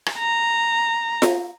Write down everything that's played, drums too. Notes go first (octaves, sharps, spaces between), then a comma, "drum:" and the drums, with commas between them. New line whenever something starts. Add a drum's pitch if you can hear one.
drum: rim click
A#5
drum: snare F4